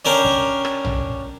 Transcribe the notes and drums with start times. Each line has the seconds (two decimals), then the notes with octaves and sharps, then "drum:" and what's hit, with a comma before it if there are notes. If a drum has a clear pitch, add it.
0.05 C#4 D4 A#4 G5
0.25 drum: kick
0.65 drum: rim click
0.85 drum: tom A#1